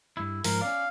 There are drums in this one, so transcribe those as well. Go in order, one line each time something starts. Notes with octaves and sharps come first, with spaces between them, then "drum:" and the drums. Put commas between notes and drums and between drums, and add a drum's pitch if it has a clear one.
G2 E4
G#2 F3 A#4, drum: open hi-hat
C#4 D5 F5